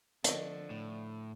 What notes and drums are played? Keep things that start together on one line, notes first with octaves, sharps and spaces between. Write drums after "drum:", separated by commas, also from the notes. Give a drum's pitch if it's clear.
D3 F3 A3 D5 D#5, drum: hi-hat
A2